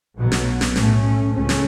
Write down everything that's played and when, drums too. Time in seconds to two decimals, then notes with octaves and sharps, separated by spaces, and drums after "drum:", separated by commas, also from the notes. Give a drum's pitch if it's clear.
0.17 B1 B2 F#3
0.32 drum: snare
0.61 drum: snare
0.76 A2 A3 C#4, drum: snare
1.34 C#2 C#3 A3 C#4
1.49 drum: snare